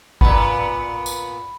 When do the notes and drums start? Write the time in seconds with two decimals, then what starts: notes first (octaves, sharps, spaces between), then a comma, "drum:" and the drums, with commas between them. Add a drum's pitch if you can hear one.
0.21 A#2 B3 B5, drum: kick G#1
1.06 drum: tambourine